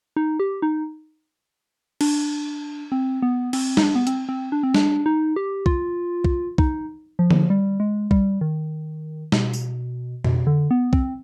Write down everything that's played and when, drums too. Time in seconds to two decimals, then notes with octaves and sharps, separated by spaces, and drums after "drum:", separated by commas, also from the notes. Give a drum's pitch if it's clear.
0.16 D#4
0.40 G4
0.62 D#4
2.01 D4, drum: cymbal
2.92 C4
3.22 B3
3.53 C4, drum: cymbal
3.77 D#4, drum: snare
3.83 D4
3.95 B3
4.07 C4, drum: hi-hat
4.29 C4
4.52 D4
4.63 C4
4.74 D4, drum: snare
5.06 D#4
5.36 G4
5.66 F4, drum: kick C2
6.24 drum: kick C2
6.58 D#4, drum: kick C2
7.19 F3
7.31 drum: tom
7.50 G3
7.80 G#3
8.11 G3, drum: kick C2
8.41 D#3
9.32 B2, drum: snare
9.53 drum: tambourine
10.24 B2, drum: tom F2
10.47 D3
10.71 B3
10.93 C4, drum: kick C2